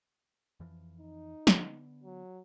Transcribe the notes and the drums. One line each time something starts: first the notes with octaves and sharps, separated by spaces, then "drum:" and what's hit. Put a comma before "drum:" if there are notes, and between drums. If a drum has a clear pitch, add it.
F2 E3 F3
D#4
D3 B3, drum: snare
F#3